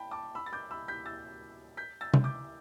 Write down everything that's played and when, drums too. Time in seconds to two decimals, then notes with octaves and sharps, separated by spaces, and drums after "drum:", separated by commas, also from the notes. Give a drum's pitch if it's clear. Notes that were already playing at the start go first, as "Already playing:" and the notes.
Already playing: G5 A5 B5
0.11 A5 D6
0.35 B5 E6
0.46 A6
0.53 D6 G6
0.71 B5 E6
0.88 G6 B6
1.06 E6 A6
1.77 G6 B6
2.01 E6 A6
2.14 drum: tom C3
2.24 D6 G6